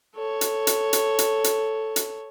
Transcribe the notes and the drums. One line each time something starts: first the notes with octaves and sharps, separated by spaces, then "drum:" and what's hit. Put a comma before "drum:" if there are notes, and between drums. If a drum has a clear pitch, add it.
A4 C#5
drum: hi-hat
drum: hi-hat
drum: hi-hat
drum: hi-hat
drum: hi-hat
drum: hi-hat